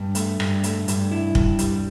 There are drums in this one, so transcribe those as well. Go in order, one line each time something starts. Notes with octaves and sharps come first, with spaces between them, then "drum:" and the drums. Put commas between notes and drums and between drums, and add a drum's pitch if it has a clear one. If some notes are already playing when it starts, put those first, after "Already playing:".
Already playing: G2
A3, drum: hi-hat
G2, drum: rim click
A3, drum: hi-hat
G2, drum: hi-hat
E4
G2, drum: kick
G3, drum: hi-hat